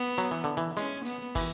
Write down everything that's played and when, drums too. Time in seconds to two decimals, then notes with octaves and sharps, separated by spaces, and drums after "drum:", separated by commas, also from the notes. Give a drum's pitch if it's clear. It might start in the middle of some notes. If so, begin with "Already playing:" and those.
Already playing: B3
0.18 F#3, drum: hi-hat
0.31 E3
0.44 D3
0.57 E3
0.77 G#3 C#4, drum: hi-hat
1.05 B3, drum: hi-hat
1.35 E3, drum: kick, open hi-hat